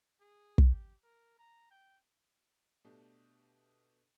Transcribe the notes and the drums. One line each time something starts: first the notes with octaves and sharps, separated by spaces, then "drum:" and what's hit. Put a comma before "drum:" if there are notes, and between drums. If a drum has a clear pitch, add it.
G#4
drum: kick
G4
A#4
A#5
G5
B2 A3 D4 G4